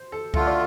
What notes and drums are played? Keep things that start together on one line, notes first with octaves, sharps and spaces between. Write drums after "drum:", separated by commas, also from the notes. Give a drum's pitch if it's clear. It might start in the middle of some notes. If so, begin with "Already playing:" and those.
Already playing: C5
A4
D3 A3 F4 A4, drum: kick C#2
D5